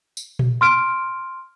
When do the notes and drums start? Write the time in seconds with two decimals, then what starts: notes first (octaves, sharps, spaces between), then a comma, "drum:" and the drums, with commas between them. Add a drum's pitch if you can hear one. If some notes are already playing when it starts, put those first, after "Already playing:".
0.17 drum: tambourine
0.39 drum: tom A#2
0.61 C6 F6 D7